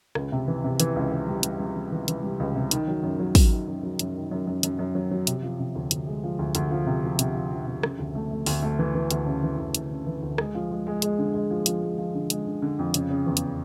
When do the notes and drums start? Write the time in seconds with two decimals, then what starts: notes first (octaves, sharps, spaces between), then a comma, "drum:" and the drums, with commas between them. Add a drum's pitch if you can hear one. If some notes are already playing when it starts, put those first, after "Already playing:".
0.15 C#2, drum: rim click
0.32 C3
0.48 E3
0.64 C3
0.80 E3, drum: hi-hat
0.96 C#2
1.12 E3
1.28 G3
1.43 G3, drum: hi-hat
1.60 G3
1.76 E3
1.92 E3
2.08 E3, drum: hi-hat
2.24 G3
2.40 C#2
2.55 C3
2.71 D#3, drum: hi-hat
2.88 F#3
3.03 F#2
3.19 F#3
3.35 F#3, drum: kick, open hi-hat
3.51 D#3
3.68 F#2
3.83 F#3
3.99 F#2, drum: hi-hat
4.16 D#3
4.31 F#2
4.47 F#2
4.63 F#2, drum: hi-hat
4.79 F#2
4.95 F#3
5.11 F#3
5.27 C3, drum: hi-hat
5.43 F3
5.59 C3
5.75 D2
5.91 D2, drum: hi-hat
6.07 G#3
6.24 F3
6.39 D2
6.55 D2, drum: hi-hat
6.71 F3
6.86 C3
7.04 F3
7.19 C3, drum: hi-hat
7.35 F3
7.51 F3
7.67 C3
7.83 C#3, drum: rim click
7.99 D2
8.15 A3
8.31 A3
8.46 D2, drum: open hi-hat
8.63 A3
8.79 E3
8.95 E3
9.11 D2, drum: hi-hat
9.26 C#3
9.43 E3
9.59 D2
9.75 D2, drum: hi-hat
9.91 C#3
10.07 E3
10.22 D2
10.38 G#3, drum: rim click
10.55 F3
10.71 G#3
10.87 G#3
11.02 G#3, drum: hi-hat
11.18 D3
11.34 G#3
11.50 F3
11.66 F3, drum: hi-hat
11.83 G#3
11.98 F3
12.15 D3
12.30 G#3, drum: hi-hat
12.46 D3
12.62 D3
12.79 F2
12.94 C#3, drum: hi-hat
13.10 C#3
13.26 E2
13.37 drum: hi-hat